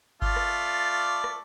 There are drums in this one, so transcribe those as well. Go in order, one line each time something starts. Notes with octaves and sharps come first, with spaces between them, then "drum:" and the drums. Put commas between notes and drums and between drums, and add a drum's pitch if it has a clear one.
A3 F4 D5, drum: kick G1
drum: rim click
drum: rim click